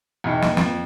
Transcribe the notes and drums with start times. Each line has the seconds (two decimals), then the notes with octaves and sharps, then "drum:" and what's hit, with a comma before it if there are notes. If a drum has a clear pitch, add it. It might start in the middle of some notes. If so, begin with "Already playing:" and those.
0.24 E2 B2 D#4 G5
0.42 drum: snare
0.57 F2, drum: snare